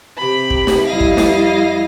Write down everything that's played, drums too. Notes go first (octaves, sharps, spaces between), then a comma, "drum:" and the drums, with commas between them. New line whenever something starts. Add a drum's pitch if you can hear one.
C3 G4 B5
drum: kick
drum: snare
F2 G3 E4 D#5 F5 A#6
drum: kick
drum: snare